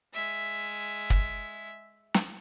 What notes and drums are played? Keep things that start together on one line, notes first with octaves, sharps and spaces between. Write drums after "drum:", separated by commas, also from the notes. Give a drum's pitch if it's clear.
G#3 E5
drum: kick
drum: snare